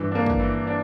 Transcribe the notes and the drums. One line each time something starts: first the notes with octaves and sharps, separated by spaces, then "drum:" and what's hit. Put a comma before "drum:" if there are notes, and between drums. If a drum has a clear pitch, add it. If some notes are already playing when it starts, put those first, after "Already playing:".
Already playing: G2 E3
A#3 D4
drum: kick
E3
D4